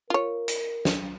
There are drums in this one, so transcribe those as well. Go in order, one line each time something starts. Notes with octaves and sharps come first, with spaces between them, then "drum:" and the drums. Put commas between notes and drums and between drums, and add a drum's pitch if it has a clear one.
F4 A#4 C#5
drum: hi-hat
drum: snare